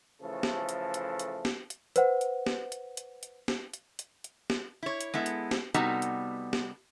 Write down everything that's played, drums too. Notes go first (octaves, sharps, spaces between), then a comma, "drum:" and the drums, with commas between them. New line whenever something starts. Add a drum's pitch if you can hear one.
C#3 E3 F3 A3 A4
drum: snare
drum: hi-hat
drum: hi-hat
drum: hi-hat
drum: snare
drum: hi-hat
B4 C5 F#5, drum: hi-hat
drum: hi-hat
drum: snare
drum: hi-hat
drum: hi-hat
drum: hi-hat
drum: snare
drum: hi-hat
drum: hi-hat
drum: hi-hat
drum: snare
E4 C#5
drum: hi-hat
G#3 B3 E4 A4
drum: hi-hat
drum: snare
C3 G3 B3 D#4 F#4 A4, drum: hi-hat
drum: hi-hat
drum: snare